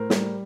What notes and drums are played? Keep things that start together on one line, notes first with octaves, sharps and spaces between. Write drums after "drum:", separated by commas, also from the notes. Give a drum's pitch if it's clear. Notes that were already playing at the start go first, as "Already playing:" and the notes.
Already playing: A2 A#4 C5
G3, drum: snare